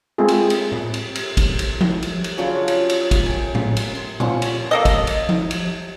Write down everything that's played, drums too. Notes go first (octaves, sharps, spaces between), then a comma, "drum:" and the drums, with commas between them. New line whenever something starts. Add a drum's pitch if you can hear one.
G#3 A3 C4 F4 G#4
drum: cymbal
drum: cymbal
drum: tom A2
drum: cymbal
drum: cymbal
drum: kick, cymbal
drum: cymbal
drum: tom F3
drum: cymbal
drum: cymbal
C#3 F#3 D4 F4
drum: cymbal
drum: cymbal
drum: kick, cymbal
G5 G#5
drum: tom A2
drum: cymbal
C6
F3 C#4 F#5, drum: tom A#2
drum: cymbal
A#3 A4 D#5
drum: kick, cymbal
drum: cymbal
drum: tom F3
drum: cymbal